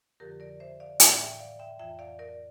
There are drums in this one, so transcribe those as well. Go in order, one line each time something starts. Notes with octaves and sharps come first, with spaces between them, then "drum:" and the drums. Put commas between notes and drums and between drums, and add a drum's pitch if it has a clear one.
F2 D3 F3 G4 A#4
A#4 D5
C5 E5
D5 F5
A2 E3 E5 G5, drum: hi-hat
E5 G5
D5 F5
E5 G5
F2 E3 E5 G5
D5 F5
A#4 D5